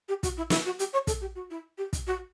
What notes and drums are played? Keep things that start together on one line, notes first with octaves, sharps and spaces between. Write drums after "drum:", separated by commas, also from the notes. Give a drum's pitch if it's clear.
G4
F#4, drum: kick, hi-hat
E4
E4, drum: snare
F#4
G4, drum: hi-hat
C#5
A4, drum: kick, hi-hat
G4
F#4
E4
G4
drum: kick, hi-hat
F#4